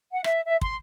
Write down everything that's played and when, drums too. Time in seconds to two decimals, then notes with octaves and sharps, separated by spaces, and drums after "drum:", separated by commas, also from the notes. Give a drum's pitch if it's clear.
0.11 F#5
0.24 E5, drum: rim click
0.46 E5
0.61 C6, drum: kick